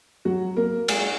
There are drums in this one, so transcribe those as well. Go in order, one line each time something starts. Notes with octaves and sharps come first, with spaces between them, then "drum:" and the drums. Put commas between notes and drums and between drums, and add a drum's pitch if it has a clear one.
F#3 F#4
A#3 A#4
G#3 G#4, drum: cymbal